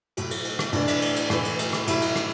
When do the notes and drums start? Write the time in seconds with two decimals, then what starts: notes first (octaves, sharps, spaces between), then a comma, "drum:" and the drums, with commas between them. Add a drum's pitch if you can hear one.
0.17 A2 F#3, drum: cymbal
0.31 drum: cymbal
0.45 drum: cymbal
0.59 drum: rim click
0.73 A2 E3 D4, drum: cymbal
0.88 drum: cymbal
1.02 drum: cymbal
1.16 drum: cymbal
1.30 A2 E3, drum: rim click
1.45 drum: cymbal
1.59 drum: cymbal
1.73 drum: rim click
1.87 A2 F#3 E4, drum: cymbal
2.01 drum: cymbal
2.16 drum: rim click